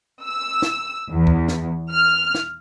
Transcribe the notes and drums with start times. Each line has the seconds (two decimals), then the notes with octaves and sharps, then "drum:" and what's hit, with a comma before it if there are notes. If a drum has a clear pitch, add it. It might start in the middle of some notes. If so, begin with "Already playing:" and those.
0.24 E6
0.62 drum: snare
1.10 E2
1.27 drum: kick D2
1.48 drum: snare
1.91 F6
2.35 drum: snare